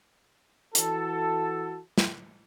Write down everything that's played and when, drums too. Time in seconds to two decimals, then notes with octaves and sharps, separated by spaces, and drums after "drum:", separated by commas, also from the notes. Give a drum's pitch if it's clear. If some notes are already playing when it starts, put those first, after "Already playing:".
0.75 E3 F#4 A4, drum: hi-hat
1.98 drum: snare